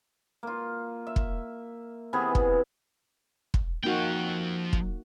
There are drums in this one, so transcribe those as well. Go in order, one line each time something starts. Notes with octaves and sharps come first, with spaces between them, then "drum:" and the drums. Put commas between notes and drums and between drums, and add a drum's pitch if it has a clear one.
A#3 F4
E5
drum: kick
C3 E3 B3 G#4
drum: kick
drum: kick
F3 A#3 D#4 F#4 G5
drum: kick